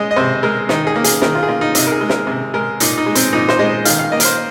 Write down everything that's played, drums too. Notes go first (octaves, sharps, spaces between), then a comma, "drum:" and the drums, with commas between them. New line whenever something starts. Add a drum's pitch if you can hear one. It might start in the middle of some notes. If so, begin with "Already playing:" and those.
Already playing: G#3 D#5
D#5
C3 C5
G#3 A#4
D#3 D#4, drum: snare
G#4
A#3
G#4, drum: hi-hat
D#3 A#4, drum: snare
F4
G#4
A#3 F4
D#4
C3 D#4, drum: hi-hat
A#4
G#4
G#3
A#4, drum: snare
C3
G#3 A#4
A#2 D#4, drum: hi-hat
D#4
G#3
C4, drum: hi-hat
A#2 D#4
C5, drum: snare
G#3 D#5
D#3 F5, drum: hi-hat
F5
A#3 D#5
A#4, drum: hi-hat
C5